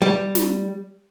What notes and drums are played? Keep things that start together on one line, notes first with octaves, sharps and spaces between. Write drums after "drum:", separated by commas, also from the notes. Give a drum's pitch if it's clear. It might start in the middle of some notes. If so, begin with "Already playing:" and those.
G3
drum: snare